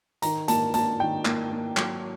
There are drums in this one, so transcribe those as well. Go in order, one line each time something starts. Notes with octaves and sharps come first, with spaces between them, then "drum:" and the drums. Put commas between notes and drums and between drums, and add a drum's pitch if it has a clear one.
D#3 A#5, drum: hi-hat
A#3 A5, drum: hi-hat
A#3 A5, drum: hi-hat
D#3 G5
A#3, drum: clap
A#3
F#3, drum: clap